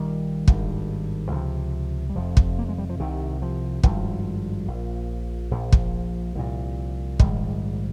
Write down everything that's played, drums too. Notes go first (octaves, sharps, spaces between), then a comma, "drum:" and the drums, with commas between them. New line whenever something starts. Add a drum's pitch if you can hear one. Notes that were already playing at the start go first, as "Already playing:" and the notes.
Already playing: A#1 A#2 D#3 G3
G#1 G2, drum: kick
C#2 C3 F3
G3
F1 F2 C3 F3
drum: kick
A#3
G#3
G3
F3
C2 C3 D#3
F3
G#1 G2 F3, drum: kick
A#1 A#2
A#1 A#2 F3
drum: kick
C2 A#2
A#1 G#2 D#3 G3, drum: kick